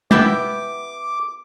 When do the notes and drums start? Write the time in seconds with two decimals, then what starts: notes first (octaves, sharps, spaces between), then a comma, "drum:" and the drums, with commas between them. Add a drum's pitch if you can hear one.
0.11 B3 E4 G4 D6, drum: tom G#3